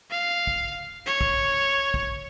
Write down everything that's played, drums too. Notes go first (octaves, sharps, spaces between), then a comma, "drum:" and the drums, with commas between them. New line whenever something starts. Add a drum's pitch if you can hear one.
F5
drum: kick
C#5
drum: kick
drum: kick